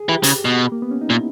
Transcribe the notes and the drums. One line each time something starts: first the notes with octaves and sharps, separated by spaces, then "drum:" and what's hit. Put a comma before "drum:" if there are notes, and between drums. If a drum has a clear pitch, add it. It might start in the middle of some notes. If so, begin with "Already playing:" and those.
Already playing: G#4
E3
G4
C#3, drum: hi-hat
B2
A#3
B3
C#4
D#4
A#2 E4